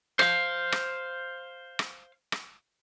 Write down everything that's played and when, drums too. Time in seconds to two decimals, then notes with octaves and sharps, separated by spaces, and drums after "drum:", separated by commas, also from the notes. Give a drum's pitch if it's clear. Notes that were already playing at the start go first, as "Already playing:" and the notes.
0.19 C5 F5, drum: rim click
0.72 drum: rim click
1.79 drum: rim click
2.32 drum: rim click